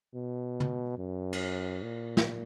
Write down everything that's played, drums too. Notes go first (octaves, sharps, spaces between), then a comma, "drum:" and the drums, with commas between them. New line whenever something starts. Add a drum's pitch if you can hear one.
B2
drum: tom
F#2
drum: cymbal
A#2
drum: snare